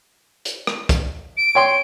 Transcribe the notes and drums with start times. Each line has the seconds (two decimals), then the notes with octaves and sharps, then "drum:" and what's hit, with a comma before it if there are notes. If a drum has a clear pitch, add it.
0.45 drum: hi-hat
0.67 drum: rim click
0.89 drum: kick, hi-hat
1.37 D7
1.55 C#5 G5 C6